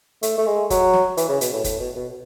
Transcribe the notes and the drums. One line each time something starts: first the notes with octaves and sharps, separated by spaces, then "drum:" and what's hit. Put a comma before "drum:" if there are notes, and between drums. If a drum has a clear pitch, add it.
A3, drum: hi-hat
A3
G#3
F#3, drum: kick F#1, hi-hat
drum: snare
E3, drum: hi-hat
C#3
B2, drum: hi-hat
A2
A2, drum: kick F#1, hi-hat
B2
B2